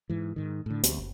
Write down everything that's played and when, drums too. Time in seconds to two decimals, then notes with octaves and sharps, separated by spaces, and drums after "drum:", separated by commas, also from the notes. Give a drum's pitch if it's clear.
0.10 G#2 E3
0.36 G#2 D#3
0.66 A2 D3
0.83 D2, drum: hi-hat
0.98 F#1